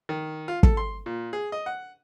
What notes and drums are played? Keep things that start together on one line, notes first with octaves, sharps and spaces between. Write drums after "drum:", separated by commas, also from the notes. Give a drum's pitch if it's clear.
D#3
F4
A4, drum: kick
C6
A#2
G#4
D#5
F#5